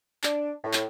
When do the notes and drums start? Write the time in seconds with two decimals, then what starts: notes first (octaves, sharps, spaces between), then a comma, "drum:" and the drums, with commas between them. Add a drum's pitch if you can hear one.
0.23 D4, drum: clap
0.63 A2
0.73 drum: clap